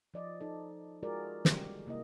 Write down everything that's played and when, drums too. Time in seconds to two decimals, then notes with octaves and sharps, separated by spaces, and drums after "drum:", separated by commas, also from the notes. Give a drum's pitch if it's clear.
0.14 F3 D5 D#5
0.41 D#4 A4
1.03 G#3 F4 F#4 G#4 A#4 D5
1.45 G3 G#3 G4, drum: snare
1.86 C3 A#3 E4 D#5